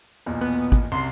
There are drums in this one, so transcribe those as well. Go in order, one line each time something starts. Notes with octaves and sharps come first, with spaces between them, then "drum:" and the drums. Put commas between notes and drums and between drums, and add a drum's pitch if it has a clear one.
B1 E2 A#2
B3
drum: kick
C2 F#2 C6 C7